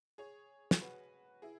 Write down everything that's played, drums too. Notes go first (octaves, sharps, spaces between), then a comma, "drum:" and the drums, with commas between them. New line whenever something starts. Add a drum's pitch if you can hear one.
G#4 C#5
drum: snare
F#4 B4
E4 G#4